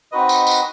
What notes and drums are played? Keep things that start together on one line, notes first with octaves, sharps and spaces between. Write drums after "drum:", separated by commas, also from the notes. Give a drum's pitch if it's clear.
C4 D#4 F#4 B4 D#5
drum: tambourine
drum: tambourine